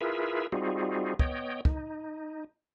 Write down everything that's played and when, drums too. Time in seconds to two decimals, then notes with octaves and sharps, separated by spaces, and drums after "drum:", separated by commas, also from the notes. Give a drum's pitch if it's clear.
0.01 E4 F4 G#4 A#4 B4 E5
0.52 G3 C4 D#4 F4 F#4 G#4
1.19 B3 C#5 D#5 G5, drum: kick
1.65 D#4, drum: kick